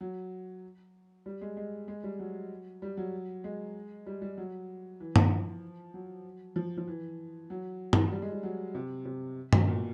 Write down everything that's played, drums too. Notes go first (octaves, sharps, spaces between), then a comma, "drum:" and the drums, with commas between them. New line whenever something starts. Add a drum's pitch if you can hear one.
F#3
G3
G#3
G#3
G#3
G3
F#3
G3
F#3
G#3
G3
G3
F#3
E3
F3, drum: tom G2
F#3
F3
F3
E3
F#3
drum: tom
G3
G#3
G3
F#3
C3
C3
B2, drum: tom G2
A#2